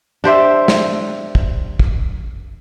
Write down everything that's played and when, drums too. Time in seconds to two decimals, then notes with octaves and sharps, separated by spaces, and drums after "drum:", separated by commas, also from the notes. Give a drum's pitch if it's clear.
0.24 D4 G4 C5 E5
0.68 drum: snare
1.35 drum: kick
1.79 drum: kick